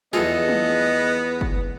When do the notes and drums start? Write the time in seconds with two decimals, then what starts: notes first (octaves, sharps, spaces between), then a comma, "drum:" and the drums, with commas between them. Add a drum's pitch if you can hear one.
0.13 E2 B3 F4 G#4 A4 D#5, drum: snare
0.48 drum: tom
1.41 drum: kick F#1